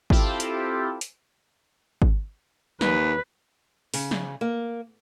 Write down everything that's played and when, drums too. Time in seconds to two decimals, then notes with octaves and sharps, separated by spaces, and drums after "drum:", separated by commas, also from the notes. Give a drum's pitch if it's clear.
0.10 C4 E4 F4 G4 A4, drum: kick G#1
0.40 drum: hi-hat
1.01 drum: hi-hat
2.02 drum: kick G#1
2.81 D#2 B4, drum: snare
3.94 C#3, drum: open hi-hat
4.11 drum: snare
4.41 A#3